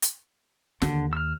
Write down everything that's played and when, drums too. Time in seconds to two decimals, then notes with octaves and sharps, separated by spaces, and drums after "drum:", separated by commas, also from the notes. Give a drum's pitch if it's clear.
0.02 drum: hi-hat
0.82 D#2 D3, drum: snare
1.13 E6 F6